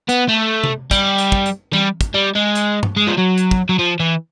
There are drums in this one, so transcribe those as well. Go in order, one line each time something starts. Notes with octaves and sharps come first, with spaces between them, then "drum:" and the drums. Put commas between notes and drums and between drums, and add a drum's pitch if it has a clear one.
B3, drum: hi-hat
A3
drum: tom C3
G3, drum: kick, hi-hat
drum: hi-hat
drum: kick
drum: hi-hat
G3, drum: tom E3
drum: kick, hi-hat
G3
G#3
drum: hi-hat
drum: tom
G#3
F3
F#3
drum: hi-hat
drum: kick
F#3
F3
E3